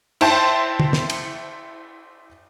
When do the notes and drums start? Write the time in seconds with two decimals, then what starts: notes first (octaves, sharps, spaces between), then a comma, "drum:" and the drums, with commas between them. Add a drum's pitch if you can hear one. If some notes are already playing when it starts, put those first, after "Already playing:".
0.21 E4 C5 G5 A5 C6, drum: cymbal
0.80 drum: tom D3
0.93 drum: snare
1.10 drum: cymbal